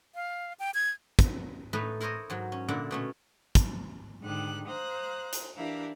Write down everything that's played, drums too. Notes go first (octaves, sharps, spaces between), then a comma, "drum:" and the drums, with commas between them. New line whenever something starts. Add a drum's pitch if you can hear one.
F5
G5
G#6
drum: kick, hi-hat
A2 A3 D#4 B4 B5
E4 A#4 C5 C#5 D#5
G#2 F#3
C#4
A#2 D3 D4 E4 F#5
B2 A3 C#4
drum: kick, hi-hat
G#2 D3 D#3 G4 F#6
C5 F5 A#5 D#6 F#6
drum: hi-hat
E3 D4 E4 G4 A#4 F5